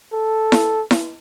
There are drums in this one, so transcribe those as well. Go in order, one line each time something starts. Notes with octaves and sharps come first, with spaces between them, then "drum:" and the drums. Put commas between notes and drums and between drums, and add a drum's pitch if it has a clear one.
A4
drum: snare E4
drum: snare E4